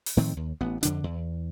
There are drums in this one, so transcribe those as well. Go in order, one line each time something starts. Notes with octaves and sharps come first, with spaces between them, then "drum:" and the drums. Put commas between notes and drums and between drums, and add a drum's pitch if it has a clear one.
drum: open hi-hat
A2 D#3 F3 C4
D#2
A1 B3
F2 D3 D4, drum: hi-hat
E2